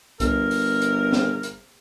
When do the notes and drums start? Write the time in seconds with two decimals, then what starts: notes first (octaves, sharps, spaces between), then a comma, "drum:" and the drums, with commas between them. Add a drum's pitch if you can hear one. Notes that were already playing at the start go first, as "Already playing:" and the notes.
0.20 G1 A#4, drum: kick C2, hi-hat
0.51 drum: open hi-hat
0.82 drum: hi-hat
1.12 drum: snare
1.43 drum: hi-hat